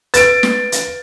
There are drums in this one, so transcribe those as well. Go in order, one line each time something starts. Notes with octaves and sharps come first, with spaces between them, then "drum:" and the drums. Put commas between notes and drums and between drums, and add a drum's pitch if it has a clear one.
B4 A6 D7, drum: hi-hat
drum: snare
drum: hi-hat